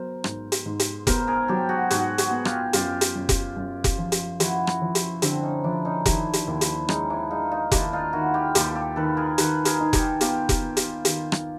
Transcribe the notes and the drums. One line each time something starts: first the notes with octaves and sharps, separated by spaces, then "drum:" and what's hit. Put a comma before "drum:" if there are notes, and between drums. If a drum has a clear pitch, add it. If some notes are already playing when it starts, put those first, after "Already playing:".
Already playing: F#3 B3 A#4 C5
G#2, drum: rim click
drum: hi-hat
G#2
drum: hi-hat
B3 A#4 C5, drum: kick F1, hi-hat
G#4 A#4
F#3 G4 A4
F#4 G#4
G#2 F#4 G#4, drum: hi-hat
F#4 G#4, drum: hi-hat
B3
F4 G4, drum: rim click
F#2 F4 G4, drum: hi-hat
drum: hi-hat
F#2
drum: kick F1, hi-hat
F#2
drum: kick F1, hi-hat
F3
drum: hi-hat
F3 E4 F#4, drum: hi-hat
drum: rim click
F3
drum: hi-hat
D3 C4 D4, drum: hi-hat
C#4 D#4
F3 D4 E4
C#4 D#4
D#3 D4 E4, drum: kick F1, hi-hat
drum: hi-hat
D#2 D4 E4
drum: hi-hat
G#3 C#4 D#4, drum: rim click
D4 E4
G#3 D#4 F4
D#4 F4
D#2 D4 E4, drum: kick F1, hi-hat
D#4 F4
D#3 E4 F#4
F4 G4
D#2 G4 A4, drum: hi-hat
G4 A4
D#3 A4 B4
G#4 A#4
D#3 A4 B4, drum: hi-hat
G#4 A#4, drum: hi-hat
D#4
G4 A4, drum: kick F1, hi-hat
B3 F4 G4, drum: hi-hat
drum: kick F1, hi-hat
B3
drum: hi-hat
D#3, drum: hi-hat
drum: rim click